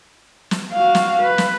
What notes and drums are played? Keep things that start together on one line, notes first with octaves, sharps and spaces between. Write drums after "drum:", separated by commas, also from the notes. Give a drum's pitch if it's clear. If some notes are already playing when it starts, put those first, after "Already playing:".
drum: snare
F#4 F5
drum: snare
B4
drum: snare